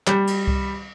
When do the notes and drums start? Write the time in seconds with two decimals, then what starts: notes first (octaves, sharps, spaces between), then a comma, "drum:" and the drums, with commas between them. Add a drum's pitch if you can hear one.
0.07 G3, drum: clap
0.27 drum: cymbal
0.48 drum: kick C2